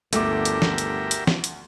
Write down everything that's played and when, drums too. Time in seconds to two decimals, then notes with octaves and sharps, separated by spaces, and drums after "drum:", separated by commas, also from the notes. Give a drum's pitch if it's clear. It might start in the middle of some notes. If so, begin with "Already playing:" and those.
0.13 G1 D2 A3 G4 A#4 E5 D6, drum: hi-hat
0.45 drum: hi-hat
0.62 drum: snare
0.78 drum: hi-hat
1.11 drum: hi-hat
1.27 drum: snare
1.44 drum: hi-hat